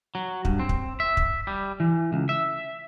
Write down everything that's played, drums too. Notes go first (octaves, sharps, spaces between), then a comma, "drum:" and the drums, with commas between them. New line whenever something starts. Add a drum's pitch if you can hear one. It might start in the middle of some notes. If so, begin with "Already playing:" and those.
F#3
G2, drum: kick
C4
drum: kick
E5
drum: kick
G3
E3
C#2
E5